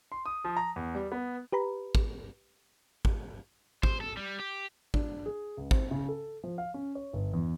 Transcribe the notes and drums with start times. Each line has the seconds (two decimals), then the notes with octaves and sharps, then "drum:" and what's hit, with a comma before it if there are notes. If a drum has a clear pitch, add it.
0.12 C6
0.26 D#6
0.45 F3
0.57 A#5
0.76 E2
0.95 G3
1.12 B3
1.53 G4 B4 A#5 B5
1.95 drum: kick G#1
3.05 drum: kick G#1
3.83 C5, drum: kick G#1
4.00 A4
4.17 G3
4.39 G4
4.94 D4, drum: kick G#1
5.26 G#4
5.57 C#2
5.71 C4, drum: kick G#1
5.91 C#3
6.09 A4
6.44 F3
6.58 F5
6.74 C#4
6.95 C#5
7.13 G1
7.33 E2